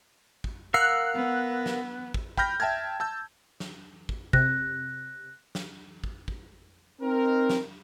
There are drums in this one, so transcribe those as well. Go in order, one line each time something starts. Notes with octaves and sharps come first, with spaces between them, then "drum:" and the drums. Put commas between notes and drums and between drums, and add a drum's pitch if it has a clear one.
drum: kick
A#4 F5 F#5 E6 F#6
B3
drum: snare
drum: kick
G5 B5 F6 G6 A#6, drum: kick
E5 G5 A5 F6 G#6
A5 E6 G6
drum: snare
drum: kick
C3 F#6 A#6, drum: kick
drum: snare
drum: kick
drum: kick
C4 D#4 A#4
drum: snare